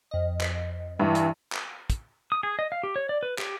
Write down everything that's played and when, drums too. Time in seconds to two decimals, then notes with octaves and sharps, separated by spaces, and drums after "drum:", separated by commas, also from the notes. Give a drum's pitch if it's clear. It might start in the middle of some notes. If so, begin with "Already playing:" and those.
0.11 F2 D#5
0.41 drum: clap
0.99 G2 E3
1.15 drum: hi-hat
1.52 drum: clap
1.90 drum: kick, hi-hat
2.32 D#6
2.43 G#4
2.59 D#5
2.72 F5
2.83 G4
2.96 C#5
3.09 D5
3.23 B4
3.38 G4, drum: clap